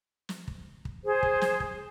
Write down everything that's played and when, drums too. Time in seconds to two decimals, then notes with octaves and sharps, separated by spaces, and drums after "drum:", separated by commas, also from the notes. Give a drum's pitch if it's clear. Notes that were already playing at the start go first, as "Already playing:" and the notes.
0.29 drum: snare
0.48 drum: kick
0.85 drum: kick
1.04 G#4 C5
1.23 drum: kick
1.41 drum: snare
1.60 drum: kick